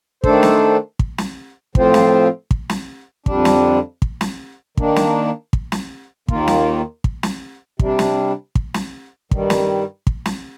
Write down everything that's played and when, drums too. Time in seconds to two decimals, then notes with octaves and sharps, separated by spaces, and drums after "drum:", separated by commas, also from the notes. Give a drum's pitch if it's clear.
0.24 D#3 A3 D4 A4 C5, drum: kick
0.43 drum: snare
0.99 drum: kick
1.18 drum: snare
1.75 A2 F3 C4 F4 C5, drum: kick
1.94 drum: snare
2.51 drum: kick
2.70 drum: snare
3.26 F2 D3 G3 D4, drum: kick
3.45 drum: snare
4.02 drum: kick
4.21 drum: snare
4.77 D#3 A#3 D4, drum: kick
4.96 drum: snare
5.53 drum: kick
5.72 drum: snare
6.28 D#2 D#3 A#3 F4, drum: kick
6.48 drum: snare
7.04 drum: kick
7.23 drum: snare
7.79 C3 G3 D4, drum: kick
7.99 drum: snare
8.55 drum: kick
8.74 drum: snare
9.31 G2 D#3 G3, drum: kick
9.50 drum: snare
10.07 drum: kick
10.26 drum: snare